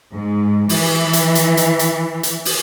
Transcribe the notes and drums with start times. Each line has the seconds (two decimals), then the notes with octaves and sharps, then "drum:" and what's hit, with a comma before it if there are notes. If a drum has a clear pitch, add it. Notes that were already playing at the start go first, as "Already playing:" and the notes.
0.13 G#2
0.69 E3, drum: open hi-hat
1.13 drum: hi-hat
1.35 drum: hi-hat
1.57 drum: hi-hat
1.79 drum: hi-hat
2.23 drum: hi-hat
2.45 drum: open hi-hat